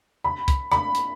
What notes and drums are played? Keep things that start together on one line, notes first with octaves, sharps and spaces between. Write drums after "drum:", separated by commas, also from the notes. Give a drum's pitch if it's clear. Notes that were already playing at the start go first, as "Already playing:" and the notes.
B5
drum: kick, hi-hat
B5, drum: rim click
drum: hi-hat